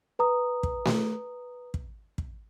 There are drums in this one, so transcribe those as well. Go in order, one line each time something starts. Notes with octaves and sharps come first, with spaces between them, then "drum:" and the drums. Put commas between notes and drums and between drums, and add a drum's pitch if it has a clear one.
B4 A#5 D#6
drum: kick
drum: snare A3
drum: kick
drum: kick